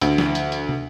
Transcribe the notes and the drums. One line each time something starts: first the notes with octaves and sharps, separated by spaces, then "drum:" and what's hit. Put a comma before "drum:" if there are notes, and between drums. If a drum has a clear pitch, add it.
D2, drum: hi-hat
drum: snare
drum: hi-hat
drum: hi-hat
drum: tom